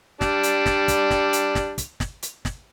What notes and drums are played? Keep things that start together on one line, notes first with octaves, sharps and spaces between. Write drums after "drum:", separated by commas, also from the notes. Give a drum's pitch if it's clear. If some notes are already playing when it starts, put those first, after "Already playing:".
G3 D4, drum: snare
drum: hi-hat
drum: snare
drum: kick, hi-hat
drum: snare
drum: hi-hat
drum: snare
drum: kick, hi-hat
drum: snare
drum: hi-hat
drum: snare